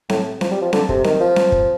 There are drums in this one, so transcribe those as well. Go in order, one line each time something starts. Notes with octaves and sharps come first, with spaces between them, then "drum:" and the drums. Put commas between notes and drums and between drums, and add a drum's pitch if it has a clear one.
A2, drum: snare C4
F3, drum: snare C4
G3
F3
D3, drum: snare C4
C3, drum: kick
D#3, drum: snare C4
F3
drum: snare C4
drum: kick